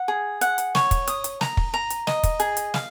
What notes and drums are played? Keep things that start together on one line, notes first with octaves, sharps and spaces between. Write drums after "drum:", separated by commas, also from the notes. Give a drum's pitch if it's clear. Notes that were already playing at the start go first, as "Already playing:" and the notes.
Already playing: F#5
G#4
F#5, drum: hi-hat
drum: hi-hat
C#5, drum: snare
drum: kick, hi-hat
D#6, drum: hi-hat
drum: hi-hat
A#5, drum: snare
drum: kick
A#5
drum: hi-hat
D#5, drum: snare
drum: kick, hi-hat
G#4, drum: hi-hat
drum: hi-hat
F5, drum: snare